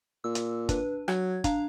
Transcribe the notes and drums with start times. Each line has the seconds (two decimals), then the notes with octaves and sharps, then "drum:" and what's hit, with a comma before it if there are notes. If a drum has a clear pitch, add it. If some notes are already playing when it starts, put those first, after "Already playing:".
0.24 A#2 E6
0.35 drum: hi-hat
0.69 D4 B4, drum: kick G1, hi-hat
1.08 F#3 G#6, drum: rim click
1.44 D4 F5 A#5, drum: kick G1, hi-hat